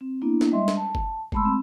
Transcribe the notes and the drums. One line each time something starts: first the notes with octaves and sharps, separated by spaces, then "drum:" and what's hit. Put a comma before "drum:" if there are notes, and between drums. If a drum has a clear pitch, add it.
C4
A#3 B3 D4 E4
drum: snare D4
G3 G#3 D#5 E5 C6
drum: snare D4
A5
drum: kick F#1
G#3 A3 A5 B5 C6 E6, drum: kick F#1
C4